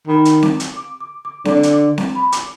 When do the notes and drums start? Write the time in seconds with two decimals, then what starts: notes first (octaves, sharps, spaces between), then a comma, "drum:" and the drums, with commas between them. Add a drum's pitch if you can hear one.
0.08 D#3 B5
0.25 drum: hi-hat
0.43 D6, drum: snare C4
0.60 drum: hi-hat
0.76 D6
1.01 D6
1.25 D6
1.45 D3 D6, drum: snare C4
1.63 drum: hi-hat
1.73 D6
1.98 drum: snare C4
2.15 B5
2.32 D6, drum: hi-hat